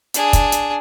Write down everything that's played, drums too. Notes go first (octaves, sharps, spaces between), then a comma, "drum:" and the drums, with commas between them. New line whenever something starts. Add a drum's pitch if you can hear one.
D4 G#4, drum: hi-hat
drum: kick, hi-hat
drum: hi-hat